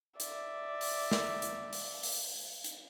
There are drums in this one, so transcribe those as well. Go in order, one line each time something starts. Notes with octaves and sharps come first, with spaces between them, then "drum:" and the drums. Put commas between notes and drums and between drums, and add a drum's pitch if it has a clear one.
D5 E5, drum: hi-hat
drum: open hi-hat
drum: snare
drum: hi-hat
drum: open hi-hat
drum: open hi-hat
drum: hi-hat